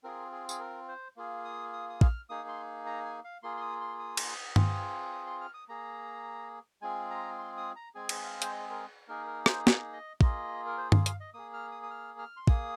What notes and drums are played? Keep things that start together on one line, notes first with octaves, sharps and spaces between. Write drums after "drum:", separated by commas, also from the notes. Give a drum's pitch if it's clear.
C4 F4 G#4 A#4
G#4
G#4, drum: tambourine
A#4
C5
A#3 F4 G#4
D#6
D#6
D#6
F6, drum: kick
A#3 D#4 G#4 D#6
C6
A#5
G#5
F5
A#3 F4 G#4 C6
C6
D#6
C6
D#6
drum: cymbal
C4 F4 G#4, drum: tom G2
D#6
C6
F6
D#6
A#3 G#4 A#5
G#3 C4 F4 G#4 G#5
A#5
C6
D#6
A#5
G#3 C4 G#4 G#5
drum: cymbal
F5
C5, drum: hi-hat
D#5
A#4
A#3 D#4 G#4 A#4
A#4
C5, drum: rim click
drum: snare
D#5
A#3 F4 G#4 D#5, drum: kick
A#4
C5
F5, drum: tom G2
F5, drum: hi-hat
D#5
A#3 G#4 D#6
F6
D#6
D#6
F6
F6
C6
A#3 G#4 D#6, drum: kick